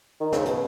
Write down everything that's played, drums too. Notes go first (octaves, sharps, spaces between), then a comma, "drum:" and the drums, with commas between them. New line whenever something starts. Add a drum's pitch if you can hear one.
D#3
C#3, drum: snare
B2, drum: hi-hat